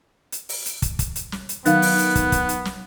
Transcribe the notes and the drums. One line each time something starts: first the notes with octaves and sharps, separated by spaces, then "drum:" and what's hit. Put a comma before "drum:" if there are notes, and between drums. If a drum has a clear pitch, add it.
drum: hi-hat
drum: open hi-hat
drum: hi-hat
drum: kick, hi-hat
drum: kick, hi-hat
drum: hi-hat
drum: snare
drum: hi-hat
D#3 F#3 B3 F5 F#6, drum: hi-hat
drum: open hi-hat
drum: hi-hat
drum: kick, hi-hat
drum: kick, hi-hat
drum: hi-hat
drum: snare